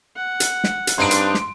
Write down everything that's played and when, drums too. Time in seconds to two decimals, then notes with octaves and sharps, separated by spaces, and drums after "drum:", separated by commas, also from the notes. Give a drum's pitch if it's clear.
0.17 F#5
0.40 drum: hi-hat
0.64 drum: snare
0.87 drum: hi-hat
0.98 G2 C4 D4 D#4 C6 D7
1.11 drum: hi-hat
1.34 drum: snare